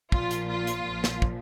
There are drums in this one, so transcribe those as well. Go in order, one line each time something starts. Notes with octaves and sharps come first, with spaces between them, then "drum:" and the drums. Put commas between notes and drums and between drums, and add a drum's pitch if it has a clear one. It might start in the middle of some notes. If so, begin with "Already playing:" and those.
A#1 A#2 F3 F4, drum: kick
drum: hi-hat
F4
drum: hi-hat
A#1 A#2 F3
drum: snare
drum: kick